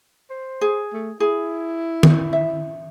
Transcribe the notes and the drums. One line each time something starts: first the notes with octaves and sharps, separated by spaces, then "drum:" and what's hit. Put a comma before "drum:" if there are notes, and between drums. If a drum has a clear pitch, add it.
C5
G#4
A3
E4 G#4
drum: tom
E5